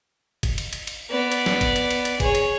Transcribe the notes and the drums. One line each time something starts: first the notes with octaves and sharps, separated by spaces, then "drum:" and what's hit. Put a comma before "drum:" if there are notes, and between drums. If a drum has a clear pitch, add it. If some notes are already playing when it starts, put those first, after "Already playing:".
drum: kick G1, cymbal
drum: cymbal
drum: cymbal
drum: cymbal
B3 D5
drum: cymbal
drum: snare
drum: kick G1, cymbal
drum: cymbal
drum: cymbal
drum: cymbal
G#4 C#5, drum: kick G1, cymbal
drum: cymbal